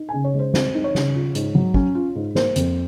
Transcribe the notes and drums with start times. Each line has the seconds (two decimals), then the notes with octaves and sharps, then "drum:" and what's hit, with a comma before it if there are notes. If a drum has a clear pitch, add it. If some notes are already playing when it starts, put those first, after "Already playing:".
Already playing: D#4
0.09 C#3 G#5
0.24 C#5
0.34 G#3 C5
0.54 C4 C5, drum: snare
0.75 D#4
0.84 C#5
0.95 C#3, drum: snare
1.15 F4
1.35 G#2, drum: hi-hat
1.55 F#3
1.74 C#4, drum: kick
1.95 F4
2.15 G#2
2.35 A#3 C5, drum: snare
2.56 F2, drum: hi-hat